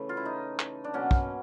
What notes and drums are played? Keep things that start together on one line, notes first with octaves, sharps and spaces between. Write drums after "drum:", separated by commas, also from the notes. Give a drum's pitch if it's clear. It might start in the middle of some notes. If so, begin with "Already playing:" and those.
Already playing: C#3 E3 A3
F4
E4
D#4
drum: clap
D4
B2 F#3 A#3 C#4
drum: kick